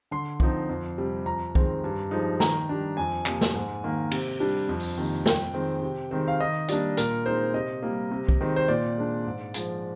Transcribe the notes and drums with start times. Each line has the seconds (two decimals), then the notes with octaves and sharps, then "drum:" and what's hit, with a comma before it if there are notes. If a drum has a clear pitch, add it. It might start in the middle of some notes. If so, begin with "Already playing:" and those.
0.11 D3 C6
0.40 F3 C4 D#4, drum: kick B1
0.69 F2
0.98 C3 G3
1.26 F2 A#5
1.55 D#3 G#3 C4, drum: kick B1
1.84 G2
2.11 F3 G#3 D#4
2.40 D#3 A#5, drum: snare
2.69 G3 D4
2.97 F2 G#5
3.26 C3 F3 A#3, drum: clap
3.41 drum: snare
3.55 G#2
3.84 D#3 A#3
4.11 C3, drum: cymbal
4.40 G3 D4
4.69 F2
4.80 drum: open hi-hat
4.98 C3 D#3 A#3
5.26 F2 G5, drum: snare
5.54 D#3 G#3 C4
5.82 C3
6.11 D#3 G#3 C4
6.28 F5
6.40 D#3 D#5
6.68 G3 A#3 D4 D5, drum: hi-hat
6.97 A#2 A#4, drum: hi-hat
7.26 G#3 C4 D#4 C5
7.54 C3 D#5
7.82 G3 A#3
8.11 C3
8.28 drum: kick B1
8.40 D#3 G#3 C4
8.56 C5
8.68 A#2 D5
8.97 G#3 D4
9.26 G#2
9.54 F3 G#3, drum: hi-hat